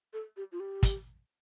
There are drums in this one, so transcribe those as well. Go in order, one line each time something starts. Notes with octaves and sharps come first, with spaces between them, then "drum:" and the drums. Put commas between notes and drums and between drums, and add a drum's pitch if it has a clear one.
A4
G4
F4
G4
drum: kick, hi-hat